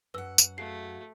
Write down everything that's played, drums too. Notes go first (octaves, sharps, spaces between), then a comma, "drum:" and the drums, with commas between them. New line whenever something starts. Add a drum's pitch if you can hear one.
F#2 B4 F#5 E6
drum: tambourine
A3 F#4 G#4 F5 C7